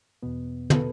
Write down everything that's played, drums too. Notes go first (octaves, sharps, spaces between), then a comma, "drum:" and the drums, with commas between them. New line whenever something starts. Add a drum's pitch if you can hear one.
E2 B2 B3
A4, drum: tom
B2 B3 B4